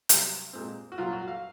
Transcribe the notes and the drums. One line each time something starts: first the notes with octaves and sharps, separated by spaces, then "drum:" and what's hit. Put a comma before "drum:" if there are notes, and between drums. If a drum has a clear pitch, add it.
C2 C3 F#3 C4, drum: hi-hat
A#2 G#3 C4
F#4
C2 A#2 F#3 F4
F#4
F5